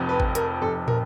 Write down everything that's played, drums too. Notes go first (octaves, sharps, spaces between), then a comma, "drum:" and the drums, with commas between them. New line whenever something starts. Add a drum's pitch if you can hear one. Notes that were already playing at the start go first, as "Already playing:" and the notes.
Already playing: F1 F2 C3
B4
drum: kick G#1
A#4, drum: hi-hat
F1 F2 C3 A4
A#4, drum: tom